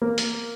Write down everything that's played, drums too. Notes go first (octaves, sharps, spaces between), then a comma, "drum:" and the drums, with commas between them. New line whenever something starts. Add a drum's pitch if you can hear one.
A#3
drum: hi-hat